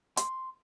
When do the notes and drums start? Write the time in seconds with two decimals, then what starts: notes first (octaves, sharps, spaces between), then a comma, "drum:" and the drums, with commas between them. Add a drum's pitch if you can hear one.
0.17 C6, drum: hi-hat